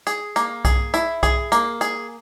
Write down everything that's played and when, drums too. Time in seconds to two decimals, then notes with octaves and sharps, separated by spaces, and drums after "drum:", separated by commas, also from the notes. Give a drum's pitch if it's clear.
0.07 G#4, drum: hi-hat
0.36 A#3, drum: hi-hat
0.65 G#4, drum: kick B1, hi-hat
0.94 E4, drum: hi-hat
1.23 G#4, drum: kick B1, hi-hat
1.52 A#3, drum: hi-hat
1.81 G#4, drum: hi-hat